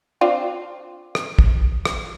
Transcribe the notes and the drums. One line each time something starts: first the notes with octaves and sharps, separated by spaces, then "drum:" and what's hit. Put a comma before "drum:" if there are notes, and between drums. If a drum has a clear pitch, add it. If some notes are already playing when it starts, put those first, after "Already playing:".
C4 D4 F4
drum: rim click
drum: kick
drum: rim click